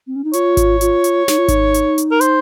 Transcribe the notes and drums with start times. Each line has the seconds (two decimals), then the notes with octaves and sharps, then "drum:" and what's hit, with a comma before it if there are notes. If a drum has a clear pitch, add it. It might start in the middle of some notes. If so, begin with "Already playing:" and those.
0.07 C4
0.16 C#4
0.24 D#4
0.33 F4 C#5, drum: hi-hat
0.57 drum: kick G#1, hi-hat
0.81 F4, drum: hi-hat
1.04 drum: hi-hat
1.28 D#4, drum: snare
1.38 F4
1.48 D#4, drum: kick G#1, hi-hat
1.74 drum: hi-hat
1.98 drum: hi-hat
2.11 A#4
2.21 C5, drum: hi-hat